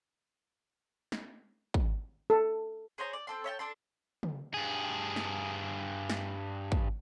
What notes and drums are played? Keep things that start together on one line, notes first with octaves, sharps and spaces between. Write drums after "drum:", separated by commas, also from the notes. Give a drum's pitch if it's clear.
drum: snare
drum: kick
A4
G#4 C5 C#5 A#5
D5
C4 A4 C6
C#5 E5 G5 A5
D4 A4 C6
drum: tom
G2 G#4
drum: snare
drum: snare
drum: kick